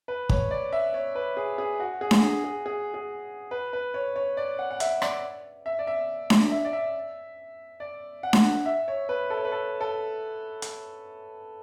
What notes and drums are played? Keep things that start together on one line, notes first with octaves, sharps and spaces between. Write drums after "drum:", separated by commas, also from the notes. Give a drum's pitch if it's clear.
B4
C#5, drum: kick
D5
E5
C#5
B4
G#4
G#4
F#4
G#4
drum: snare D4
G#4
G#4
G#4
G#4
B4
B4
C#5
C#5
D5
F#5
F#5
E5, drum: hi-hat
D5, drum: rim click
E5
D5
E5
D5, drum: snare D4
E5
D5
E5
D5
F#5
drum: snare D4
E5
C#5
B4
A4
C#5
B4
A4
A4
drum: hi-hat